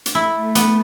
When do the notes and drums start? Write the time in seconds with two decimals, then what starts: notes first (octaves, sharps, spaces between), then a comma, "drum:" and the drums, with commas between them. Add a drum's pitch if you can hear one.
0.06 drum: hi-hat
0.15 A3 E4
0.55 B3, drum: hi-hat